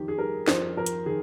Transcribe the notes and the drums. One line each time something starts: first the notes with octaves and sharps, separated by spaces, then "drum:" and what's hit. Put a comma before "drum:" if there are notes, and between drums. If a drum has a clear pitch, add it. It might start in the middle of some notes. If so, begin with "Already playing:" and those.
Already playing: F2 D#3 G4
G#4
G3 A#4
F2 C5, drum: snare
F2 A#4
drum: hi-hat
D#3 G#4